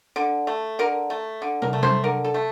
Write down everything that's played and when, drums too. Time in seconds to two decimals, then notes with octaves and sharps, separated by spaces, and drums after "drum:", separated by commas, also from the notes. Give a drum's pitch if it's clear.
0.16 D3
0.47 A3
0.79 D3 A#4
1.10 A3
1.42 D3
1.62 A#4, drum: tom
1.73 A3
1.83 C5, drum: tom G3
2.04 D3 A#4
2.25 A4
2.34 A3